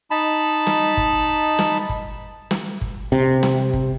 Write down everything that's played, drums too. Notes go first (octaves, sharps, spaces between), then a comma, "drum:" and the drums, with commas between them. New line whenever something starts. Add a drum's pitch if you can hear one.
D#4 A5 B5
drum: snare
drum: kick G1
drum: snare
drum: kick G1
drum: snare
drum: kick G1
C3
drum: snare
drum: kick G1